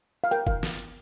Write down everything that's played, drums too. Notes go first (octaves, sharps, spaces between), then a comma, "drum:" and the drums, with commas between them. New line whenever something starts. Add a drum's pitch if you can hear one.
F5
A#4 G5, drum: hi-hat
A#4 F5, drum: kick F#1
drum: snare
drum: hi-hat